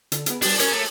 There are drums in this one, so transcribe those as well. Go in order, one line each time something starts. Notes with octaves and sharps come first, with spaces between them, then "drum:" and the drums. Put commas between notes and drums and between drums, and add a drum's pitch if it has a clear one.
D3 A4, drum: hi-hat
B3 G#4 D7, drum: hi-hat
G3 D4 G4, drum: open hi-hat
C#4 A#4 C#5, drum: hi-hat
A3